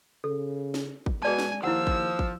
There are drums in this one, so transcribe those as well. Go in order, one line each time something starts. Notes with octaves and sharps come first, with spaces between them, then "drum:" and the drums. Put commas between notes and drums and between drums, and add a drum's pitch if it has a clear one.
C#3 A4
drum: snare
drum: kick
B2 G#3 G#4 D5 G#5 A5
drum: snare
D#2 F3 E4 F#5 E6
drum: kick
drum: kick